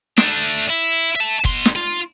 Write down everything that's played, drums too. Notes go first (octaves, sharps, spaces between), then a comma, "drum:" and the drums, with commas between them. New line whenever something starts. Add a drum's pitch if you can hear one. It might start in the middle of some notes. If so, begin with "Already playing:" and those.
A3 D4, drum: snare
E4
E5 A5
B2 C6, drum: kick
drum: snare
F4